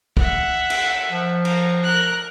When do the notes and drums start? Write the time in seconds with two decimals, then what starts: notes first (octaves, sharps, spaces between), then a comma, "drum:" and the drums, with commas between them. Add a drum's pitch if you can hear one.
0.17 E5 F#5, drum: kick
0.70 drum: cymbal
1.10 F3
1.45 A#5, drum: cymbal
1.83 A#4 F#6